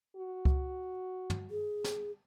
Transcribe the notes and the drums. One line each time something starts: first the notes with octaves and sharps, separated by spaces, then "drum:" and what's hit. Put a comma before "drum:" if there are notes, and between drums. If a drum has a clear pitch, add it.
F#4
drum: kick C#2
drum: tom
G#4
drum: snare